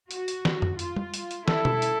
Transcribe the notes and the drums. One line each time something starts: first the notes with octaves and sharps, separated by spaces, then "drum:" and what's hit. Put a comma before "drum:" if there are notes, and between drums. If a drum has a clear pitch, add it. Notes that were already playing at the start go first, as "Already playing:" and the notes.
F#4, drum: hi-hat
drum: hi-hat
drum: snare
drum: tom
F4, drum: hi-hat
drum: tom
drum: hi-hat
drum: hi-hat
E4 A4, drum: snare
drum: tom B2
drum: hi-hat